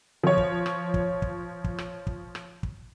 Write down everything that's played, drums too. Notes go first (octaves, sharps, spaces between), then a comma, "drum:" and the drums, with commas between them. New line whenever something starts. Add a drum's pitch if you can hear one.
F3 C#5
drum: kick
drum: rim click
drum: kick
drum: kick
drum: kick
drum: rim click
drum: kick
drum: rim click
drum: kick